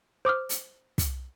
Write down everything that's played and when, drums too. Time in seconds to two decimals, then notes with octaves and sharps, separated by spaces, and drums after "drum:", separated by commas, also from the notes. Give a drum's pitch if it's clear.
0.25 C5 D6 D#6 F6
0.49 drum: hi-hat
0.98 drum: kick, hi-hat